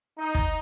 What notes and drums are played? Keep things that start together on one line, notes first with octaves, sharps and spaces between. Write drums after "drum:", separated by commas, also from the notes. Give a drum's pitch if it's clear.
D#4
drum: kick